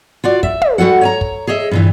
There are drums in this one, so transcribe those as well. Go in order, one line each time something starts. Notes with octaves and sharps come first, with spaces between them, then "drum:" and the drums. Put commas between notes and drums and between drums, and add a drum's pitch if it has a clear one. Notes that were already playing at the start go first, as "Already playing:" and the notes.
F4 F#4 D5
E5, drum: kick
drum: tom
G3 F#4 A4 F#5
C#5 G#5 A#5
drum: kick
G#4 C#5 D#5 E5
G2 A#2 E3